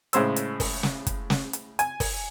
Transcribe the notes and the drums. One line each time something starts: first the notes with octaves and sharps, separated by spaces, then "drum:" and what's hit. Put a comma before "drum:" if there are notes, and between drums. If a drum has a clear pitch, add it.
A2 C#3 G#3 C5 C#5 E6, drum: hi-hat
drum: hi-hat
drum: kick, open hi-hat
drum: snare
drum: kick, hi-hat
drum: snare
drum: hi-hat
G#5, drum: hi-hat
drum: kick, open hi-hat